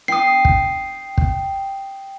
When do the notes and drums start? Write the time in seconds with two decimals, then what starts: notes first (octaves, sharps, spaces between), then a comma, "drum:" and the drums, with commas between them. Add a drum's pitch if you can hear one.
0.08 G5 D#6 C7
0.45 drum: kick
1.18 drum: kick